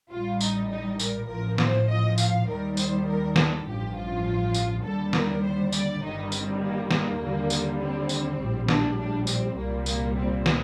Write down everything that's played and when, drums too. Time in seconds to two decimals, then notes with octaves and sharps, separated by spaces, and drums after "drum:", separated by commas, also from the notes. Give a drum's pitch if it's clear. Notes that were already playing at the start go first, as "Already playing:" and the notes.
0.10 A1 A2 G3 F4
0.41 D#4, drum: tambourine
0.70 D#4
0.99 A#4, drum: tambourine
1.29 A1 A2 F3 A#4
1.58 C5, drum: snare
1.88 D#5
2.18 F5, drum: tambourine
2.47 D#2 D#3 G3 A#4
2.77 C5, drum: tambourine
3.07 A#4
3.36 A4, drum: snare
3.66 A1 G2 F3 G4
3.96 F4
4.54 drum: tambourine
4.84 D#2 D3 G3 A4
5.13 A#4, drum: snare
5.43 C5
5.72 D5, drum: tambourine
6.02 G1 G2 D#3 G3 D#4
6.32 C4, drum: tambourine
6.61 A#3
6.91 A#3, drum: snare
7.20 D#2 D3 G3
7.50 drum: tambourine
7.80 C4
8.09 drum: tambourine
8.39 A#1 A2 G3
8.69 D4, drum: snare
8.98 D4
9.27 C4, drum: tambourine
9.57 C2 A#2 G3 A#3
9.86 A#3, drum: tambourine
10.16 C4
10.46 drum: snare